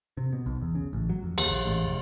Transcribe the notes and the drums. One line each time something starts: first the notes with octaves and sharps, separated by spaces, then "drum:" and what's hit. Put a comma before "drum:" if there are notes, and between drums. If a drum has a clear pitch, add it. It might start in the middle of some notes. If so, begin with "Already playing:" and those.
C3
B2
B1
E2
C#3
A1
F#3
F2
D#2, drum: cymbal
A#1
A1
F1